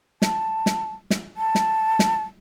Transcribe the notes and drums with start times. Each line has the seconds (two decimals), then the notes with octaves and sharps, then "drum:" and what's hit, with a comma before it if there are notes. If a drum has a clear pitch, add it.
0.22 A5, drum: snare
0.66 drum: snare
1.10 drum: snare
1.37 A5
1.55 drum: snare
1.99 drum: snare